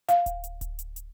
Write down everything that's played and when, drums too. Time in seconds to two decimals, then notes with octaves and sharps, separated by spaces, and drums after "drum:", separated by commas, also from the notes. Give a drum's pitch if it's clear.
0.09 F5, drum: hi-hat
0.26 drum: kick D1, hi-hat
0.44 drum: hi-hat
0.61 drum: kick D1, hi-hat
0.79 drum: hi-hat
0.96 drum: hi-hat